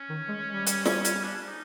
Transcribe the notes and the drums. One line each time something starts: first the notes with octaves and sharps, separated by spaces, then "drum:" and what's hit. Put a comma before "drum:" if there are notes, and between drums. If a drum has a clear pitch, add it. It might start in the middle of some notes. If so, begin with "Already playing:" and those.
Already playing: C#4
D#3
G#3
G3
drum: hi-hat
drum: snare
drum: hi-hat
D4
D#4